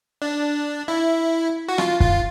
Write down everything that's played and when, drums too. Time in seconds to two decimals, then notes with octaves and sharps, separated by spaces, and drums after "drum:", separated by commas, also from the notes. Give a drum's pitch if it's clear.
0.22 D4
0.88 E4
1.68 F#4
1.78 F4, drum: rim click
2.00 F4, drum: kick